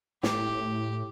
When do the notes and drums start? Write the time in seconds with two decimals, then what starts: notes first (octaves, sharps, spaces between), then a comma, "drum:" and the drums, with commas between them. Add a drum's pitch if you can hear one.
0.23 A2 G4, drum: snare